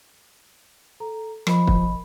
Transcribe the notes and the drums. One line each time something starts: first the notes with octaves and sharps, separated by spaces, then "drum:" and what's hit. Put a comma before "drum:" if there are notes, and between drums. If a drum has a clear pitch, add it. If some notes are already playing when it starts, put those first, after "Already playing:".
A4 A#5
F3 A#4 D#5 B5, drum: rim click
drum: kick